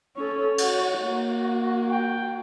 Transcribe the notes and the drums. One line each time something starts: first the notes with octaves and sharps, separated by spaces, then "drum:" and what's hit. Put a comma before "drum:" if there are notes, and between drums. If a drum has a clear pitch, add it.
C#4 A4 C#5
F#4 F#5, drum: cymbal
A#3 F#4
G5